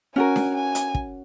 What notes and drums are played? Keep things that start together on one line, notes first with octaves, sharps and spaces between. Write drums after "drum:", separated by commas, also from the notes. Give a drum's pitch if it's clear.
C#4 F#4 A#4 G#5
drum: snare D4
G#5
drum: hi-hat
drum: kick